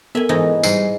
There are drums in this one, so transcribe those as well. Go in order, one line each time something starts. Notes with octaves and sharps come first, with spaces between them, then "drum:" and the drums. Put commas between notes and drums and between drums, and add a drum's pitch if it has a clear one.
B3 A4 A#4 E5 G#5
G#2 E3 D#4
G#2 G3 C7, drum: tambourine